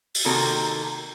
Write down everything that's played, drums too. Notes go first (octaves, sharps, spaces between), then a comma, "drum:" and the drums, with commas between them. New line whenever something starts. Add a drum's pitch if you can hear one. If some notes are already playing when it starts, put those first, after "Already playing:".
drum: open hi-hat
C3 D#3 A#3 F#4 A4